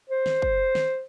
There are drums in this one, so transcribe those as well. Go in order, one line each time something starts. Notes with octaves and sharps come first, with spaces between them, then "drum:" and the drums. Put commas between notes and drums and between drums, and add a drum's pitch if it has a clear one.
C5
drum: snare
drum: kick
drum: snare